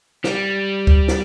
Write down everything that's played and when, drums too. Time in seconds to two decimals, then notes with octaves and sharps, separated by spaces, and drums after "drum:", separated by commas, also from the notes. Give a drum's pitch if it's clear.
0.24 G3, drum: snare
0.87 drum: kick D2
1.08 drum: snare